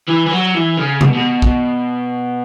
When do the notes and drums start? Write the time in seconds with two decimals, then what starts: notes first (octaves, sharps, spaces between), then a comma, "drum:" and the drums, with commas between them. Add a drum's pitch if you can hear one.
0.08 E3
0.27 E3
0.31 F#3
0.55 E3
0.78 C#3
1.01 B2, drum: tom C3
1.15 B2
1.42 drum: kick